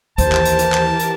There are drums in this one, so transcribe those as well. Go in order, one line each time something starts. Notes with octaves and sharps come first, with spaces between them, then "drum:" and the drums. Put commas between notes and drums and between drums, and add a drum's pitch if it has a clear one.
D#2 E3 G4 A#4 C5 A5, drum: kick, hi-hat
drum: clap
drum: hi-hat
drum: hi-hat
drum: clap
drum: hi-hat